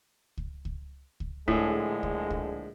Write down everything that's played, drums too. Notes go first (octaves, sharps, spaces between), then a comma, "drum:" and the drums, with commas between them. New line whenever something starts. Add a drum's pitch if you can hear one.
drum: kick C#2
drum: kick C#2
drum: kick C#2
A#1 A2 D3 G#3 G#4, drum: kick C#2
drum: kick C#2
drum: kick C#2